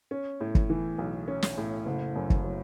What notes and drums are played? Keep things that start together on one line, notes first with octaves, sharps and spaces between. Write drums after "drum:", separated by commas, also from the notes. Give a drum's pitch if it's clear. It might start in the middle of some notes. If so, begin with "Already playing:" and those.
C#4
A2
drum: kick
E3
B1
C#4
drum: snare
A2
F#1
F#2
drum: kick
F#3